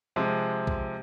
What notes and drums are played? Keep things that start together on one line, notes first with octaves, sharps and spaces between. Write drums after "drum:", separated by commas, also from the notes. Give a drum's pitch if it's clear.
C3 F3 G#3
drum: kick B1